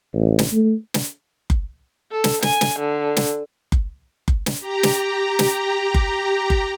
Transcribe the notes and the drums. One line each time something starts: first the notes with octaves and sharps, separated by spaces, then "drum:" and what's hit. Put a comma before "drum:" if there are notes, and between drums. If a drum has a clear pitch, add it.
A1
drum: snare
A3
drum: snare
drum: kick F#1
A4
drum: snare
G#5, drum: snare
drum: snare
D3
drum: snare
drum: kick F#1
drum: kick F#1
drum: snare
G4 A#5
drum: snare
drum: snare
drum: kick F#1
drum: kick F#1